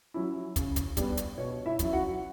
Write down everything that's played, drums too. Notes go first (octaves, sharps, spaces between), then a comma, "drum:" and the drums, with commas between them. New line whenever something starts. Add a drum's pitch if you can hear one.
F#3 C#4 E4
C#3, drum: kick, hi-hat
drum: kick, hi-hat
G3 B3 D4, drum: kick, hi-hat
drum: hi-hat
B2 C#5
E4 E5
F#3 C#4 E4, drum: kick, hi-hat
F#4 F#5